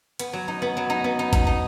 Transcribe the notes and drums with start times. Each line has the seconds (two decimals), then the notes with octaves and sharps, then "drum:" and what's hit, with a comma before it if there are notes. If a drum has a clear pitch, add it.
0.19 B3, drum: hi-hat
0.33 F#3
0.48 D#4
0.62 B3
0.77 F#3
0.90 D#4
1.04 B3
1.19 D#4
1.33 D#4, drum: kick G#1, hi-hat
1.47 D#4